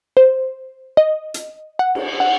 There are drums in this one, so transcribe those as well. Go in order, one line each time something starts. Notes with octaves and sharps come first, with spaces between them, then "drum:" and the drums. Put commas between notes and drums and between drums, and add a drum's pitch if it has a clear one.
C5
D#5
drum: hi-hat
F#5
drum: cymbal
F#5